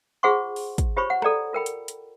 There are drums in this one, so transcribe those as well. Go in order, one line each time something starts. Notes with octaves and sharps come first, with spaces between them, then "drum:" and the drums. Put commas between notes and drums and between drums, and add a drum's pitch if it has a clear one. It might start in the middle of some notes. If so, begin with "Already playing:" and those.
F4 G#4 C5 F#5 C6 C#6
drum: open hi-hat
drum: kick, hi-hat
F4 G4 C5 C#5 B5 C#6
F#5
A4 D5 G5 A#5, drum: rim click
F4 A#4 G5 B5
drum: hi-hat
drum: hi-hat